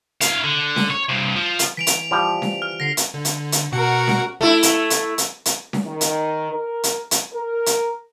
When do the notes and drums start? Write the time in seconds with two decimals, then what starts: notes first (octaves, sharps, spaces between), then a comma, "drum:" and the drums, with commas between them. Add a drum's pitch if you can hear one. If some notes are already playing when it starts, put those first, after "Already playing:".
0.21 E4 F5, drum: hi-hat
0.44 D3
0.76 drum: snare C#4
0.90 C#5
1.09 G2 C3
1.35 F3
1.59 drum: hi-hat
1.77 E3 B6 D7 F7
1.87 drum: hi-hat
2.11 F3 G3
2.42 drum: snare C#4
2.62 F6
2.80 D3 A#6 C7
2.97 drum: hi-hat
3.14 D3
3.25 drum: hi-hat
3.52 drum: hi-hat
3.72 B2 F#4 A#4 F#5 C#7
4.07 drum: snare C#4
4.41 A3 E4
4.63 drum: hi-hat
4.90 drum: hi-hat
5.18 drum: hi-hat
5.45 drum: hi-hat
5.73 drum: snare C#4
5.84 D#3
6.01 drum: hi-hat
6.51 A#4
6.84 drum: hi-hat
7.11 drum: hi-hat
7.33 A#4
7.66 drum: hi-hat